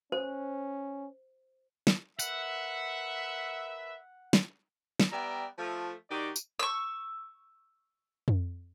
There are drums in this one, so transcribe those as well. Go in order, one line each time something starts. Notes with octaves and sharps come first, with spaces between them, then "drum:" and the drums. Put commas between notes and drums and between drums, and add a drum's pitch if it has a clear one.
C#4 C5
drum: snare
A#4 B4 E5 F#5, drum: tambourine
drum: snare
drum: snare
G3 B3 D5 E5 G5 A#5
F3 A3
D#3 D#4 F#4 G4 D5
drum: tambourine
C#6 E6
drum: tom F2